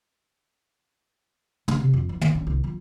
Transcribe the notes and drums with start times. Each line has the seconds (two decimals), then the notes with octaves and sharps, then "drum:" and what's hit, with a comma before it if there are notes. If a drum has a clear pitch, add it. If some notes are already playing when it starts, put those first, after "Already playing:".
1.68 A3, drum: tom
1.80 C3
1.93 F2
2.09 E3
2.21 A1, drum: tom
2.35 C#4
2.47 C2
2.64 F3